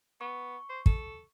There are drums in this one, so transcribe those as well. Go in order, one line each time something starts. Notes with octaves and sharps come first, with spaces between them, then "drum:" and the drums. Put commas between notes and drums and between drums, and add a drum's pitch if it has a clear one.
B3 C#6
C5
A4, drum: kick